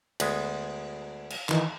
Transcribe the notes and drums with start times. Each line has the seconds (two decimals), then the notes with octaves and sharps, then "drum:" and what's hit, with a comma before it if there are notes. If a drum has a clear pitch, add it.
0.20 D2 G#3 B3, drum: cymbal
1.30 drum: cymbal
1.49 D#3 E3 D#4, drum: clap